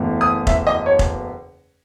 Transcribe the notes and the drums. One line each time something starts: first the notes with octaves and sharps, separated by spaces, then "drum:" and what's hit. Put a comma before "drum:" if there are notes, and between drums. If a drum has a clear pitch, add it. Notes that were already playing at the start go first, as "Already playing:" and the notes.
Already playing: F#1 E2 B2 A3
D#6
E5, drum: kick F1
D#5
C#5
drum: kick F1